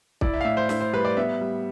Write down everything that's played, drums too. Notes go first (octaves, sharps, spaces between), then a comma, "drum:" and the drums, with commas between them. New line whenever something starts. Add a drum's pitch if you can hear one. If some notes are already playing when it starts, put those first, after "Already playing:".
E4 D5, drum: kick
E5
F5
A2 E5
C5
E4 E5, drum: snare
C5
G3 B4
D5
B3 E5
G3